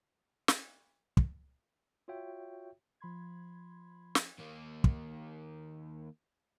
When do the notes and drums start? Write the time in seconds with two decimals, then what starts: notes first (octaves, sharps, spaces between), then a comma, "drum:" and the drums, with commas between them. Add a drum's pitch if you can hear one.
0.48 drum: snare
1.17 drum: kick
2.08 F4 F#4 C#5 E5 G5
3.00 F3 B5 C6 G#6
4.15 drum: snare
4.39 D#3 A#3
4.84 drum: kick